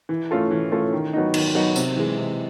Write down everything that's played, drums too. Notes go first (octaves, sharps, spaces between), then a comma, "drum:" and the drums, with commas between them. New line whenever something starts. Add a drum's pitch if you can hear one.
E3
A3 C#4 F4 A4
E3
A3 C#4 F4 A4
D#3
F#3 B3 D#4
D#3, drum: cymbal
F#3 B3 D#4
C3, drum: tambourine
E3 G#3
C3